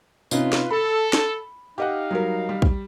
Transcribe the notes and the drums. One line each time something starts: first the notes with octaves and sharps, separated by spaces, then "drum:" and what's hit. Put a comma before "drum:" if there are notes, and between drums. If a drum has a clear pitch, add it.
C3 C#4 D#4 F4 B4, drum: tambourine
drum: snare
A4 B5
drum: snare
D#4 G4 D#5 F5 F#5
F#3 G3 A#4
G3
drum: kick